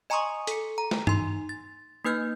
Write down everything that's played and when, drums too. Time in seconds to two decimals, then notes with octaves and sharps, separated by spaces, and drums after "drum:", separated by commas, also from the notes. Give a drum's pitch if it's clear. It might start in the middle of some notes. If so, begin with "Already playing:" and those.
0.10 D#5 G#5 A#5 C6 C#6 D#6
0.47 A4 C#7, drum: hi-hat
0.78 A#5
0.91 drum: snare
1.07 D#4 C6, drum: tom G2
1.49 A6
2.04 A#3 D#4 B4 F6 G6 G#6